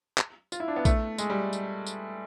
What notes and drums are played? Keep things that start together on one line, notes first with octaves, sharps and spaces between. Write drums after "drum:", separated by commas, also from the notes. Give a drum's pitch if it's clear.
drum: clap
F4, drum: tambourine
E4
D4
B3
A3, drum: kick A#1, tambourine
G#3, drum: tambourine
G3
drum: tambourine
drum: tambourine